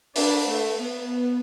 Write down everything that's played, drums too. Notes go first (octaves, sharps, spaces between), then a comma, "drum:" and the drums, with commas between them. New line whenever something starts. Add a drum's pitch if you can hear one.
D4, drum: open hi-hat
A3
B3